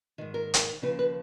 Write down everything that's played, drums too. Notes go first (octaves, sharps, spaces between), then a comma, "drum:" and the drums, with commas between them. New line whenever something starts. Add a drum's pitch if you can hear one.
G#2 D#3
A#4
drum: hi-hat
D#2 C#3 F3 B4
B4